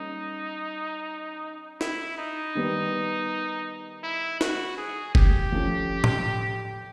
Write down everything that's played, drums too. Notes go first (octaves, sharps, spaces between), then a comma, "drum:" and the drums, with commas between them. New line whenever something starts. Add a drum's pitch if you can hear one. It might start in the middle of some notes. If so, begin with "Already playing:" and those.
Already playing: G3 A#3 C#4 D#4
E4, drum: snare
D#4
D#3 G3 B3
E4
F#4, drum: snare
G#4
G4, drum: kick
F3 A3 C#4
drum: tom A2